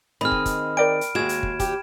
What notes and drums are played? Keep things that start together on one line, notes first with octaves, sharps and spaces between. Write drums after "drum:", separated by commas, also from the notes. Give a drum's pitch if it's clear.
D#3 C4 G#4 D#5 B5 F6
drum: kick
drum: kick, hi-hat
A#4 D5 G5 D7
drum: hi-hat
D#2 G#3 F#4 G#6 E7
drum: hi-hat
drum: kick
G4, drum: kick, hi-hat